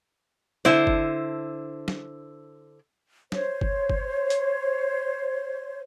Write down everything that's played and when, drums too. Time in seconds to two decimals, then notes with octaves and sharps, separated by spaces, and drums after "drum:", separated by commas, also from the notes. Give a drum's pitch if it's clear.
0.65 D3 E4 C5, drum: snare
0.87 drum: kick G1
1.88 drum: snare
3.32 C5 C#5, drum: snare
3.61 drum: kick G1
3.90 drum: kick G1
4.30 drum: hi-hat